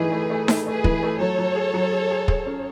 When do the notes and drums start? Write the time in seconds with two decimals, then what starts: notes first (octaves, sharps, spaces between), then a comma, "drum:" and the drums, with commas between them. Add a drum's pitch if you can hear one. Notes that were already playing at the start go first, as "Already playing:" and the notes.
Already playing: E3 A3 D#4 G#4 B4
0.12 A3
0.30 A3
0.48 A3, drum: snare D#4
0.66 A3 G#4 B4
0.84 E3, drum: kick
1.03 A3
1.20 F#3 A4 C#5
1.39 F#3
1.56 G#4
1.74 F#3
1.92 G#4
2.11 G#4
2.28 G#4, drum: kick
2.46 C#4